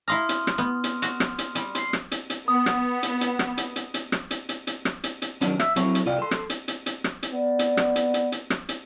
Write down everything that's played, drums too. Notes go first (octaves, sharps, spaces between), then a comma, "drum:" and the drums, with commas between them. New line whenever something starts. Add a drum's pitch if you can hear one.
E4 F5 A#5 C6 D#6 F6
drum: hi-hat
drum: rim click
B3
drum: hi-hat
F#4 F7, drum: hi-hat
drum: rim click
drum: hi-hat
G3, drum: hi-hat
C6 C7, drum: hi-hat
drum: rim click
drum: hi-hat
drum: hi-hat
B3 D#6
drum: rim click
drum: hi-hat
drum: hi-hat
drum: rim click
drum: hi-hat
drum: hi-hat
drum: hi-hat
drum: rim click
drum: hi-hat
drum: hi-hat
drum: hi-hat
drum: rim click
drum: hi-hat
drum: hi-hat
D#3 F#3 C#4 D4, drum: hi-hat
E5, drum: rim click
F#3 C4 E4 A4 C#5, drum: hi-hat
drum: hi-hat
C2 F4 D5 F5 G5
A4 C6
drum: rim click
drum: hi-hat
drum: hi-hat
drum: hi-hat
drum: rim click
drum: hi-hat
B3 D5
drum: hi-hat
drum: rim click
drum: hi-hat
drum: hi-hat
drum: hi-hat
drum: rim click
drum: hi-hat